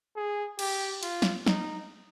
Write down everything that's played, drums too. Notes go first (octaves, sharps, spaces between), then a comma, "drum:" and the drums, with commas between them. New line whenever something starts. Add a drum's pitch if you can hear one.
G#4
G4, drum: cymbal
F4, drum: cymbal
drum: snare
D#4, drum: snare